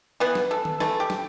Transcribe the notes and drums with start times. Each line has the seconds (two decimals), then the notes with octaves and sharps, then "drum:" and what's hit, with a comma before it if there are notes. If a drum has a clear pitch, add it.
0.20 E3 B3 F#5
0.35 drum: snare
0.51 A4
0.65 drum: tom D#3
0.80 E3 A3 A4, drum: snare
1.00 G4
1.10 drum: snare